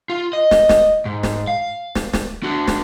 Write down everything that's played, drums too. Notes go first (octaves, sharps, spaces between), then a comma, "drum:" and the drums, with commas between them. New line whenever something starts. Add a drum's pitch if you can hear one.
F4
D#5
drum: snare
drum: snare
G#2
drum: snare
F5
drum: snare
drum: snare
D4 F#4
drum: snare